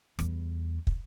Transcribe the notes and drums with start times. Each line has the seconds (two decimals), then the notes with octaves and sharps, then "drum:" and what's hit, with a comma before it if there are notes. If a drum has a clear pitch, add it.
0.19 E2 G3, drum: rim click
0.87 drum: kick